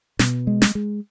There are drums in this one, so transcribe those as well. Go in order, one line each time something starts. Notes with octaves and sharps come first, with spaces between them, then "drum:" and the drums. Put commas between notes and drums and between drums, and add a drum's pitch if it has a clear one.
B2, drum: snare
G#3
drum: snare
G#3